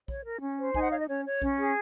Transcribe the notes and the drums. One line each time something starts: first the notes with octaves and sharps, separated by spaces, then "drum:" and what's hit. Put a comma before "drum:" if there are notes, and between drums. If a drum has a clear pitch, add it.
C#5, drum: kick A#1
A#4
C#4
C5
D#4 G#5, drum: kick A#1
F#5
C#5 F5
D#5
C#4 C#5
C#5
C#4, drum: kick A#1
G#4